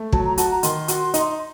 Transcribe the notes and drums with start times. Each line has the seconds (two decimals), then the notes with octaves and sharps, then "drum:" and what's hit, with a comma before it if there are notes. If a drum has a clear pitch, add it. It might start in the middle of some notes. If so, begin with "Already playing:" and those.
Already playing: A3
0.12 F#3 A5, drum: kick
0.25 A#5
0.38 F#4 A5, drum: hi-hat
0.50 A#5
0.63 D#3 C6, drum: hi-hat
0.88 F#4, drum: hi-hat
1.14 D#4, drum: hi-hat